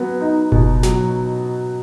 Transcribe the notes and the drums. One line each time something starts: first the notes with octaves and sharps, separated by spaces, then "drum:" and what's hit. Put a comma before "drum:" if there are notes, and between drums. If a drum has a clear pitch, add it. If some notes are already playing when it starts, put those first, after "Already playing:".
Already playing: F#3 B3
D#4
B2, drum: kick F#1
F#3, drum: snare